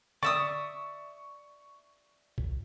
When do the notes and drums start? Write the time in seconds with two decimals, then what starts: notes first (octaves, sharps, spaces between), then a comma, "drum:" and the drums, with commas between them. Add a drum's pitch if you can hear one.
0.23 D5 E5 C#6 D#6, drum: tom D3
2.38 drum: kick